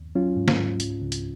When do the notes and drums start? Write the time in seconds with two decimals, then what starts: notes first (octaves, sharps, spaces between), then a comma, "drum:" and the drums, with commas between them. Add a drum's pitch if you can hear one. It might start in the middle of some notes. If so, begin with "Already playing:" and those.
Already playing: D#2
0.15 F#3 C#4 F4
0.36 G#2
0.48 drum: snare
0.58 G#2
0.80 C#2, drum: hi-hat
1.01 C#2
1.12 drum: hi-hat